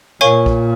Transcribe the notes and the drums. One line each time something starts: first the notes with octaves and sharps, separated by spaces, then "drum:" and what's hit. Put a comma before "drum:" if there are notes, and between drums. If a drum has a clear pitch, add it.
A#2 A#4 C#5 F5 G#5 C#6
drum: kick